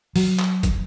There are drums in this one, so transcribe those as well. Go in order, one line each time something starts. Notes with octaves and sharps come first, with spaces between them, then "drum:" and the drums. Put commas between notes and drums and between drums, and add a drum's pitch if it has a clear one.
F#3, drum: open hi-hat
drum: clap
drum: kick, hi-hat